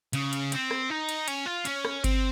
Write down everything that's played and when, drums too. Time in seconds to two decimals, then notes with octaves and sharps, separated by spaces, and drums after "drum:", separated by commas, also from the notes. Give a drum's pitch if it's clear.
0.13 C#3, drum: cymbal
0.33 drum: cymbal
0.52 C4, drum: cymbal
0.71 drum: rim click
0.90 D#4
1.09 drum: cymbal
1.28 C#4, drum: cymbal
1.46 F4
1.65 C#4, drum: cymbal
1.85 drum: rim click
2.04 C4, drum: kick G1, cymbal